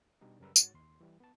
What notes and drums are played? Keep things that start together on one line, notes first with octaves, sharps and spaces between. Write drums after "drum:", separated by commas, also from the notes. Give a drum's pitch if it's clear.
B2 G3 D4 D#4
F#2 C#3 G3 A#4 B4 E6
G#2 F#4 C#5 A6, drum: tambourine
D#2 C6
E3 G3
B3 A5